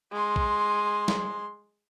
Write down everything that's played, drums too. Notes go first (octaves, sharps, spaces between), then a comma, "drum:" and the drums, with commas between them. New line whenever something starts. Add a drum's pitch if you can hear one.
G#3 C6
drum: kick A#1
drum: snare